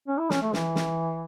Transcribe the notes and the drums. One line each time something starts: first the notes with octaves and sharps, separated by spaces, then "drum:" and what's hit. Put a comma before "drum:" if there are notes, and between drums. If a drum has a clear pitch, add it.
C#4
E4
C#4, drum: snare
A3
E3, drum: snare
drum: snare